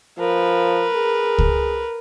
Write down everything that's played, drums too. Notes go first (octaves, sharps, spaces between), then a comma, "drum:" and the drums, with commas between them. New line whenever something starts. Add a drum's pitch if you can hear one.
F3 A#4 B4
G#4
drum: kick C#2